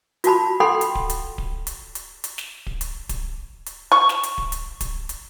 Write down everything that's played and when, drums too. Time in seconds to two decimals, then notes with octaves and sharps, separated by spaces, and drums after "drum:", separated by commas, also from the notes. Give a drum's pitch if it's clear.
0.24 F4 F#4 A5 B5, drum: hi-hat
0.60 A4 F#5 G5 B5 C6
0.81 drum: hi-hat
0.95 drum: kick D1
1.10 drum: hi-hat
1.38 drum: kick D1
1.67 drum: hi-hat
1.95 drum: hi-hat
2.24 drum: hi-hat
2.38 drum: snare
2.67 drum: kick D1
2.81 drum: hi-hat
3.09 drum: kick D1, hi-hat
3.66 drum: hi-hat
3.92 C#6
4.09 drum: snare
4.23 drum: hi-hat
4.38 drum: kick D1
4.52 drum: hi-hat
4.81 drum: kick D1, hi-hat
5.09 drum: hi-hat